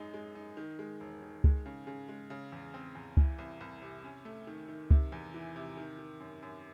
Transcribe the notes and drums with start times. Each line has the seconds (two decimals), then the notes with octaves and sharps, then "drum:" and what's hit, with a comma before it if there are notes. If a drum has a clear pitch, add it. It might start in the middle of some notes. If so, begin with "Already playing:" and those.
Already playing: F#2 G#3 D#4
0.14 G#3
0.35 D#4
0.57 D#3
0.79 G#3
1.00 E1
1.22 D#3
1.44 G#3, drum: kick C#2
1.66 C#3
1.87 C#3
2.09 G#3
2.30 C#3
2.52 E2
2.74 C4
2.95 E2
3.17 E3, drum: kick C#2
3.39 C2
3.61 C2
3.82 C3
4.04 C#4
4.25 A3
4.47 D#3
4.68 D#3
4.91 C3, drum: kick C#2
5.12 E2
5.34 E3
5.56 C3
5.77 D#3
5.99 D#3
6.20 F#2
6.42 F#2